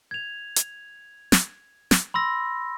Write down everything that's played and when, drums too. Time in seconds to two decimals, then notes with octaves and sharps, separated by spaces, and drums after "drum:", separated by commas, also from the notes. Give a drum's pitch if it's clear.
0.11 G#6 F7
0.56 drum: hi-hat
1.32 drum: snare
1.91 drum: snare
2.14 B5 C6 E6 A#6